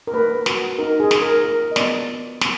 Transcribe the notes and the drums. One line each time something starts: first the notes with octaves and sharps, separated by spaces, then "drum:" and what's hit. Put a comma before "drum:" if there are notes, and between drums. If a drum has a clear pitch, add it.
A#4
A#3 B4
F#4, drum: snare
D#4 A#4
G#4
A#3, drum: snare
A#4
F4 A#4
D#5
B3 D5, drum: snare
F4
B3, drum: snare